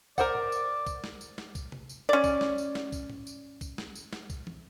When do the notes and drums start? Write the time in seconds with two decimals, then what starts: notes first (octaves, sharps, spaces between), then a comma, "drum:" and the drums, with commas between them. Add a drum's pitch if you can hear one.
0.18 A#4 C5 D5 F#5, drum: kick B1, tambourine
0.35 drum: tom G#2
0.52 drum: tambourine
0.86 drum: kick B1, tambourine
1.04 drum: snare
1.21 drum: tambourine
1.38 drum: snare
1.55 drum: kick B1, tambourine
1.72 drum: tom
1.89 drum: tambourine
2.09 C#4 D5
2.24 drum: kick B1, tambourine
2.41 drum: snare
2.58 drum: tambourine
2.75 drum: snare
2.92 drum: kick B1, tambourine
3.10 drum: tom G#2
3.27 drum: tambourine
3.61 drum: kick B1, tambourine
3.78 drum: snare
3.95 drum: tambourine
4.13 drum: snare
4.30 drum: kick B1, tambourine
4.47 drum: tom